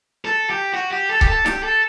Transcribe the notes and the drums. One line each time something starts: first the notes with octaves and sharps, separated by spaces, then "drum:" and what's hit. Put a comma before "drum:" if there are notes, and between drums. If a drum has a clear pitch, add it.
A4
G4
F#4
G4
A4
G4, drum: kick C#1
A4
G4, drum: snare
A4